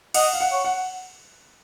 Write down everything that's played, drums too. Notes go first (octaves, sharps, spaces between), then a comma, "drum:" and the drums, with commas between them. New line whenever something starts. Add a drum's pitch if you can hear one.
D#5 F#5, drum: cymbal
F5
F#5
C#5
F#5